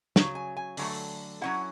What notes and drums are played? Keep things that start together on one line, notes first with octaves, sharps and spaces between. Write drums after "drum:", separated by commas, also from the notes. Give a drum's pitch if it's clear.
C#3 F#3, drum: snare
G#5
G#5
D3 F#3 A3, drum: open hi-hat
F#3 C#4 E4 F#5